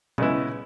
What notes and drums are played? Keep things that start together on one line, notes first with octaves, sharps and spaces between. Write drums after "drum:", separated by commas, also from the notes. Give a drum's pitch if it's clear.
C#3 G#3 B3 E4, drum: tom A#2